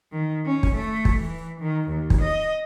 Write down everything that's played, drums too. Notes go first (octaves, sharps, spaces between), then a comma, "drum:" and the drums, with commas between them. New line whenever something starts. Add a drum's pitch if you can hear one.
D#3
C#4
drum: kick
A3
drum: kick
E3
D#3
D#2
drum: kick
D#5